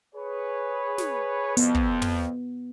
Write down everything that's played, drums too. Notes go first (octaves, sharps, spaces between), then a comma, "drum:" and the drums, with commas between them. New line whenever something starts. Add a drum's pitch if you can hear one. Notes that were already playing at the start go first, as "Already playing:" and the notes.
G#4 B4 C#5
drum: snare
F2 B3, drum: hi-hat
drum: kick
drum: tom